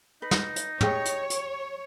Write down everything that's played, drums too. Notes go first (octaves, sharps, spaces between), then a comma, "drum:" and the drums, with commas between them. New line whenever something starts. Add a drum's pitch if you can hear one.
D#4 B4
drum: snare
drum: hi-hat
G4 G#4 C#5 G5, drum: tom
drum: hi-hat
drum: hi-hat